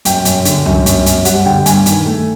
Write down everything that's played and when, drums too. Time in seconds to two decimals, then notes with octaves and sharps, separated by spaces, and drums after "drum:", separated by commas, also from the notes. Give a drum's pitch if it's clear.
0.05 F#2 G5, drum: hi-hat
0.25 F#2, drum: hi-hat
0.45 D3, drum: hi-hat
0.66 F#2, drum: tom C2
0.86 F#2, drum: hi-hat
1.06 F#2, drum: hi-hat
1.25 G3 F#5, drum: hi-hat
1.46 D3 G5
1.66 G2 G#5, drum: hi-hat
1.86 D#3, drum: hi-hat
2.06 A3